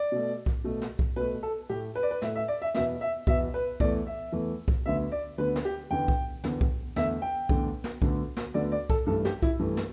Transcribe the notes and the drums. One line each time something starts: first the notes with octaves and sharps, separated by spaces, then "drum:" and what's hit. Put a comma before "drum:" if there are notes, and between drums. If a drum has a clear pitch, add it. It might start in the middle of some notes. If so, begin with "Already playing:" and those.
Already playing: D5
B2 A3
drum: kick B1
B2 A3
drum: snare
drum: kick B1
B2 A3 B4
A4
A2 A3 G4
B4
D5
B4
A2 A3 E5, drum: snare
E5
D5
E5
E2 B2 B3 E5, drum: snare
E5
E2 B2 B3 E5, drum: kick B1
B4
E2 E3 A3 D5, drum: kick B1
E5
E2 E3 A3
drum: kick B1
D2 D3 B3 E5
D5
D2 D3 B3 B4
drum: snare
G4
E2 D3 B3 G5
drum: kick B1
E2 D3 B3, drum: snare
drum: kick B1
E2 D3 A3 E5, drum: snare
G5
E2 D3 A3, drum: kick B1
drum: snare
D2 D3 B3, drum: kick B1
drum: snare
D2 D3 B3 D5
D5
A4, drum: kick B1
G2 E3 A3 A4
G4, drum: snare
E4, drum: kick B1
G2 E3 A3
drum: snare